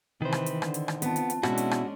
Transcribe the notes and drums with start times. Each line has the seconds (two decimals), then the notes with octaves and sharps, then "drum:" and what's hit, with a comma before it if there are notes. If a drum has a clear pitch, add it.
0.22 C3 D#3 E3 B4 C5
0.32 drum: rim click
0.46 drum: hi-hat
0.62 D3, drum: rim click
0.74 drum: hi-hat
0.88 drum: rim click
1.02 B3 C4 F4 A5, drum: hi-hat
1.16 drum: hi-hat
1.30 drum: hi-hat
1.43 B2 G#3 C#4 D4 E4 F#4, drum: rim click
1.58 drum: hi-hat
1.71 drum: rim click